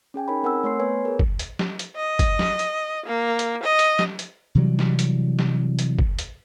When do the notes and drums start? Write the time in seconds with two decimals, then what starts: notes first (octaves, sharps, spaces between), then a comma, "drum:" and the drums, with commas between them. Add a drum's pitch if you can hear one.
0.14 C#4 G#4 G5 G#5
0.28 D#4 G#4 A#4 C#5 G#5 B5
0.43 C4 A#4 F#5 G#5 E6
0.64 A3 C#5 C6 C7
0.80 B3 B4 C#5 G#5
1.05 G#4 A#4
1.19 drum: kick G1
1.39 drum: hi-hat
1.59 drum: snare
1.79 drum: hi-hat
1.96 D#5
2.19 drum: kick G1, hi-hat
2.39 drum: snare
2.59 drum: hi-hat
3.06 A#3
3.39 drum: hi-hat
3.63 D#5
3.79 drum: hi-hat
3.99 drum: snare
4.19 drum: hi-hat
4.55 C3 E3 F#3 G3
4.79 drum: snare
4.99 drum: hi-hat
5.39 drum: snare
5.79 drum: hi-hat
5.99 drum: kick G1
6.19 drum: hi-hat